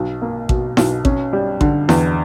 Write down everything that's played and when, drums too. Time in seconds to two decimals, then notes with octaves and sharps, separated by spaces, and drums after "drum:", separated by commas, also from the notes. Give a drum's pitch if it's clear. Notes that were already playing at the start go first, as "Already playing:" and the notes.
Already playing: B1
0.22 A#3
0.49 B2, drum: kick A1
0.77 B1, drum: snare E4
1.05 C#4, drum: kick A1
1.33 G3
1.61 D3, drum: kick A1
1.89 E2, drum: snare E4